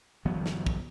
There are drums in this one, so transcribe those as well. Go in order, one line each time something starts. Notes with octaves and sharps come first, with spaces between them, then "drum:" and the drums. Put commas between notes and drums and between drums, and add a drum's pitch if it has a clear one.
G1 E3 F#3 B3
drum: snare
drum: kick